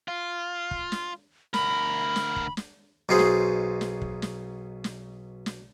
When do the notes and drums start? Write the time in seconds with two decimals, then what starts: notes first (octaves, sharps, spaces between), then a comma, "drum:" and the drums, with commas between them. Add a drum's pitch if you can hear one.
0.08 F4
0.71 drum: kick
0.92 drum: snare
1.54 D2 A#4 B5, drum: snare
2.16 drum: snare
2.36 drum: kick
2.57 drum: snare
3.09 B1 B2 D#4 F4 G#4 C5
3.19 drum: snare
3.81 drum: snare
4.02 drum: kick
4.22 drum: snare
4.84 drum: snare
5.46 drum: snare